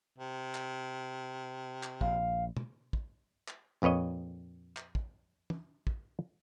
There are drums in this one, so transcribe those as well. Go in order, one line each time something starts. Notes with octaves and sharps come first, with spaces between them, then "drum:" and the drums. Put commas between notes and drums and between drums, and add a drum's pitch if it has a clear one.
C3
drum: clap
drum: clap
A#1 F5, drum: kick
drum: tom
drum: kick
drum: clap
A#1 F2 B4 C#5 D#5
drum: clap
drum: kick
drum: tom
drum: kick